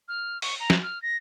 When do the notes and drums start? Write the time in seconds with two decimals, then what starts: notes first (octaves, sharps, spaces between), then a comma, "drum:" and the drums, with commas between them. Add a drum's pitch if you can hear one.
0.08 F6
0.42 C#6, drum: open hi-hat
0.60 A#5
0.70 drum: snare
0.83 F6
1.02 A#6